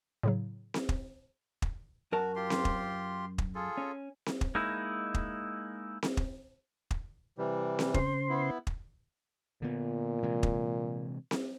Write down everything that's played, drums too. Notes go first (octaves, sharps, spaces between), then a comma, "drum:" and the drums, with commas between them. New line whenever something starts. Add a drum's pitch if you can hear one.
A2 C#3 F#3
drum: snare C4
drum: kick
drum: kick
F#2 F#4 A#4 A5
F4 G4 C6
drum: snare C4
drum: kick
drum: kick
F4 G#4 A4
C#4
drum: snare C4
drum: kick
G#3 A#3 D#4 E4
drum: kick
drum: snare C4
drum: kick
drum: kick
C3 E3 G3
drum: snare C4
C#3 C5 C6, drum: kick
B3 E4
drum: kick
A#2 D3 B3
C3 E3 G#3
drum: kick
drum: snare C4